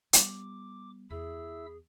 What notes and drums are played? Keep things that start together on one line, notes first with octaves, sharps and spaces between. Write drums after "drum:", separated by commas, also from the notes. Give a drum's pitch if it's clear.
G3 B3 D6, drum: hi-hat
E2 E4 G#4 E5 E6